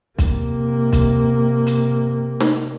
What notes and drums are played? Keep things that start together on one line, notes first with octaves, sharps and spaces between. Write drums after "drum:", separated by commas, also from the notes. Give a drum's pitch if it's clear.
C3 A#3, drum: kick, hi-hat
drum: kick, hi-hat
drum: hi-hat
drum: snare